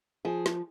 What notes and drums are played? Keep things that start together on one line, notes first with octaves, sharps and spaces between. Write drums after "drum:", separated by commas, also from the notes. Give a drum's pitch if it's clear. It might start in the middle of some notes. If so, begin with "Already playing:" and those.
F3 G#4
drum: snare